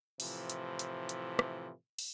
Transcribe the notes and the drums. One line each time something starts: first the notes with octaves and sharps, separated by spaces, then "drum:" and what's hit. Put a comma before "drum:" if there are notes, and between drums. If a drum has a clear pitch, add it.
A2 C3 E3 F3, drum: open hi-hat
drum: hi-hat
drum: hi-hat
drum: hi-hat
drum: rim click
drum: open hi-hat